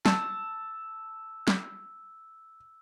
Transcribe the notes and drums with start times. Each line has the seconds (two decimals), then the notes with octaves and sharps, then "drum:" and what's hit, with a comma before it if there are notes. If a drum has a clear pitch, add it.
0.06 A5 E6, drum: snare
1.48 drum: snare